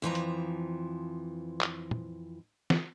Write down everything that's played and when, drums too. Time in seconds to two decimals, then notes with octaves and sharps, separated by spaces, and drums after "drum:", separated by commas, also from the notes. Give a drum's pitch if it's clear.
0.02 F2 E3 F3 A#5
0.15 drum: hi-hat
1.61 drum: clap
1.91 drum: tom
2.70 drum: snare